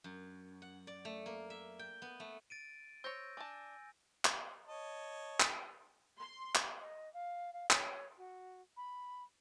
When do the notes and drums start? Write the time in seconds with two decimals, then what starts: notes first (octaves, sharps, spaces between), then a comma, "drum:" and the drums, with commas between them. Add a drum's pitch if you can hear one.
0.04 F#2
0.62 F#5
0.87 D5
1.05 A3
1.26 A#3
1.50 E5
1.79 G5
2.02 B3
2.20 A3
2.50 A6 D7 D#7
3.04 C5 C#5 E6 G6 A#6
3.37 D4 G#5 A5
4.25 drum: clap
4.67 C#5 D#5 A5
5.40 drum: clap
6.18 C6
6.55 drum: clap
6.81 D#5
7.13 F5
7.53 F5
7.70 C#5, drum: clap
8.17 F#4
8.77 B5